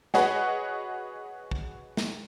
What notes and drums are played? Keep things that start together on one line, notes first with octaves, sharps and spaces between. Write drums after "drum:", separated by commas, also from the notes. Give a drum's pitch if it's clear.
F#4 G#4 B4 C#5 D#5 F#5, drum: snare
drum: kick
drum: snare